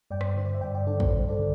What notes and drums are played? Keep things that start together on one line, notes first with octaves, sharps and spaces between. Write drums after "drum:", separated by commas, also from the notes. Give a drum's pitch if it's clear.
G2 D5 G5
drum: rim click
D3 C5
D5
E5
G2 D5 G5
D5 G5
D3 A4 D5
C5, drum: kick
G2 C5
A4 D5
D3